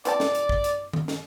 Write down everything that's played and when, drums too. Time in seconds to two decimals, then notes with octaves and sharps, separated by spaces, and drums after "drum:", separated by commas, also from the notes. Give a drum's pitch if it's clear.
0.05 E3 C4 D5 A5, drum: hi-hat
0.20 drum: snare
0.35 drum: hi-hat
0.49 drum: kick
0.64 drum: hi-hat
0.93 drum: tom D#3
1.08 drum: snare